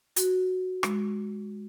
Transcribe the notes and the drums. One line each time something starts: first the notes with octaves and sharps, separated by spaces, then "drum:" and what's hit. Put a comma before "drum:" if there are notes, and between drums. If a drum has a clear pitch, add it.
F#4, drum: hi-hat
G#3, drum: rim click